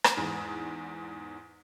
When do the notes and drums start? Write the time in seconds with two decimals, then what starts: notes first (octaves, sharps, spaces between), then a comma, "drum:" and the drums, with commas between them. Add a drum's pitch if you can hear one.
0.04 drum: rim click
0.17 E2 G#2